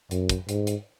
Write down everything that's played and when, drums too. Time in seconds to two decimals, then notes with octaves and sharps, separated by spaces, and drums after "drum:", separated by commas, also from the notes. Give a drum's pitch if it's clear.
0.11 F#2, drum: hi-hat
0.29 drum: kick, hi-hat
0.49 G#2, drum: hi-hat
0.67 drum: hi-hat